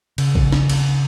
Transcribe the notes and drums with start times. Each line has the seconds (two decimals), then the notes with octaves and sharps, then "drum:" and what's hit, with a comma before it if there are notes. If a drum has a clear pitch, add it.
0.18 C#3, drum: cymbal
0.35 drum: kick A1
0.52 drum: snare
0.69 drum: cymbal